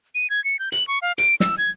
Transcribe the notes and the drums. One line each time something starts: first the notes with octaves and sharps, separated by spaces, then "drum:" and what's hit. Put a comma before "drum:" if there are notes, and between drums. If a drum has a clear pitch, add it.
D#7
G#6
C#7
G6
F#7, drum: hi-hat
C#6
F5
D7, drum: hi-hat
E6, drum: snare
G#6